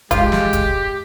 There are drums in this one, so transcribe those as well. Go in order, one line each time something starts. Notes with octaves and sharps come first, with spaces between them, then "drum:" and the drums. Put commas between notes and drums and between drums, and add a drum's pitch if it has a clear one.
G#3 F4 G4, drum: kick, hi-hat
drum: snare
drum: kick, hi-hat